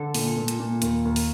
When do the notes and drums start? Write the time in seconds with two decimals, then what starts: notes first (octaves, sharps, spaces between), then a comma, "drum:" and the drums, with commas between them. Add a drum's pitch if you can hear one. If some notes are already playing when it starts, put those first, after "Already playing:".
Already playing: D3 A4
0.14 A#2, drum: open hi-hat
0.37 A#2
0.48 drum: hi-hat
0.60 A#2
0.82 D#2, drum: hi-hat
1.05 D#2
1.16 drum: open hi-hat